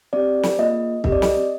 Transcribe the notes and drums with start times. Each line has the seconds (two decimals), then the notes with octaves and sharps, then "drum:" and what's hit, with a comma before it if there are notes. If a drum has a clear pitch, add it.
0.13 C4 G4 D5
0.43 drum: snare
0.59 A#3 F4 G#4 D#5
1.04 C4 G4 D#5, drum: kick C2
1.12 D5
1.22 D#5, drum: snare